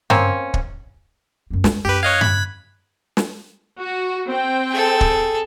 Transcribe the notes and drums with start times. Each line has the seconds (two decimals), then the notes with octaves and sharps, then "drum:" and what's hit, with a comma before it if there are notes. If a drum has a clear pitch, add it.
0.10 A#3 C4 C#4, drum: tom G2
0.54 drum: kick
1.50 F#2 A#3
1.64 G#3, drum: snare
1.85 F#2 G4 B4
2.03 C#5 D#5 F5 F#6 G#6
2.21 B5 B6, drum: tom G2
3.17 drum: snare
3.78 F#4
4.28 C4 G5
4.71 G#4 A4
5.01 drum: kick